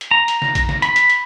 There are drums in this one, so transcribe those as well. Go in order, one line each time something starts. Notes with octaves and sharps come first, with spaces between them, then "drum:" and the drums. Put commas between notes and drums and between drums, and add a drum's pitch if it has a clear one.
drum: hi-hat
A#5
drum: hi-hat
drum: snare
drum: kick, hi-hat
drum: snare
B5, drum: hi-hat
drum: hi-hat
drum: hi-hat